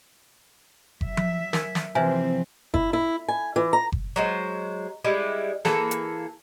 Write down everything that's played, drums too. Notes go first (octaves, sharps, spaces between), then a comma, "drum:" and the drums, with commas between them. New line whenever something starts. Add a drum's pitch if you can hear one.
F#3 E5, drum: kick F#1
drum: tom F3
A#4 G#5, drum: snare
drum: snare
C3 E3 F3 C4 B4 E5 G#5
E4, drum: kick F#1
E4
G#5
E3
A#5
drum: kick F#1
F#3 G#3 C5
G3 G#3 E4
E3 A#3 G#4 A4, drum: snare
drum: hi-hat